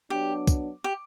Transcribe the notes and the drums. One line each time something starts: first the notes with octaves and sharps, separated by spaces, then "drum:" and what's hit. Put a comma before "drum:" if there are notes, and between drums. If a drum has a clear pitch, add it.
F#3 B3 D4 G4
drum: kick, tambourine
G4